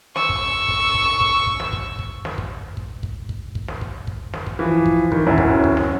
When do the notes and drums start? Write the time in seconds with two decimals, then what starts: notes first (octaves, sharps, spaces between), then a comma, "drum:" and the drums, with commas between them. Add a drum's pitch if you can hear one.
0.16 C#6 E6, drum: snare
0.29 drum: kick
0.68 drum: kick
0.95 drum: kick
1.21 drum: kick
1.47 drum: kick
1.60 drum: snare
1.73 drum: kick
1.99 drum: kick
2.25 drum: snare
2.38 drum: kick
2.77 drum: kick
3.03 drum: kick
3.29 drum: kick
3.55 drum: kick
3.68 drum: snare
3.81 drum: kick
4.07 drum: kick
4.33 drum: snare
4.47 drum: kick
4.59 E3 F3
4.86 drum: kick
5.12 D#3 E3, drum: kick
5.27 D1 F#2 F#3 E4
5.38 drum: kick
5.64 drum: kick
5.77 drum: snare